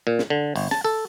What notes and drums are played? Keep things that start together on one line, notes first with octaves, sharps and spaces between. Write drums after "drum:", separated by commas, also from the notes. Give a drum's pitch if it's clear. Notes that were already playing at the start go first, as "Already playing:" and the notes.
A#2
drum: snare
D3
G1, drum: open hi-hat
A5, drum: snare
A4